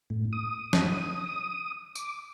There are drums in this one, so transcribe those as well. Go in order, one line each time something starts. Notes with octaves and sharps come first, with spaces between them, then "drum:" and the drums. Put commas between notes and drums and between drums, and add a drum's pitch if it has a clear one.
A2
D#6
drum: snare
D6, drum: tambourine